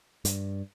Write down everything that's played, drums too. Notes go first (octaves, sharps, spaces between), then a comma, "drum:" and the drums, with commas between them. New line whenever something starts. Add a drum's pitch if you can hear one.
G2, drum: hi-hat